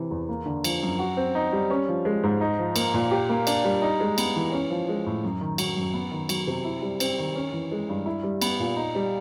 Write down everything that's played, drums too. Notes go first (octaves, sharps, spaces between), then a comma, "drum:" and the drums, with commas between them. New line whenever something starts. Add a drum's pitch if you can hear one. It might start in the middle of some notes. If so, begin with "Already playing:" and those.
Already playing: C3 E3
E2
A#3
D3
F3, drum: cymbal
F#2
F#4
C4
D#4
G3
C#4
F3
G#3
G#2
D#4
F3
A#3, drum: cymbal
A#2
G4
A#3
D4, drum: cymbal
G3
D#4
G#3
B3, drum: cymbal
E3
C#4
F3
G#3
A2
F#2
D#3
F#3, drum: cymbal
F#2
B3
D#3
F#3, drum: cymbal
C3
E4
G3
C4, drum: cymbal
D#3
C#4
E3
G#3
G2
E4
G3
B3, drum: cymbal
A#2
D#4
G3